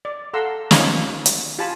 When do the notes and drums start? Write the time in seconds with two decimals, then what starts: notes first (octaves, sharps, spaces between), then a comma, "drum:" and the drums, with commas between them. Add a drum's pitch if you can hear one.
0.05 D5
0.34 A4 F5 F#5 A#5 C6 E6
0.71 C#4 D#4 F4 G4 G#4 A#4, drum: snare
1.26 drum: hi-hat
1.59 F4 G4 G#5 A5 B5